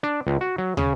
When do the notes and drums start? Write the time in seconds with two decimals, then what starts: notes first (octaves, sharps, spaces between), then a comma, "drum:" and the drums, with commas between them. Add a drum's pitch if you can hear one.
0.03 D4
0.27 C#2
0.41 F#4
0.58 F#3
0.77 C#3, drum: tom